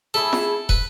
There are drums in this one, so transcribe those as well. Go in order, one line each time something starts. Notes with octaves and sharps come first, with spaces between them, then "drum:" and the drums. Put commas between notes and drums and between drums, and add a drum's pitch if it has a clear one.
A3 E4 G#4 A4
drum: snare
B4, drum: kick